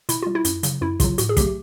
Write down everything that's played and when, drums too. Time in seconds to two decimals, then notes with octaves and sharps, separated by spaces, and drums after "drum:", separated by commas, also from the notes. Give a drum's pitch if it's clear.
0.09 B2 E4, drum: hi-hat
0.22 G3 F4
0.35 E4
0.45 F#2, drum: hi-hat
0.63 C#3 F#3, drum: hi-hat
0.81 F#2 E4
1.00 C#3 F#3 F4, drum: kick, hi-hat
1.18 A2 F#4, drum: hi-hat
1.29 G#4
1.37 F#3 A3 G4, drum: kick, hi-hat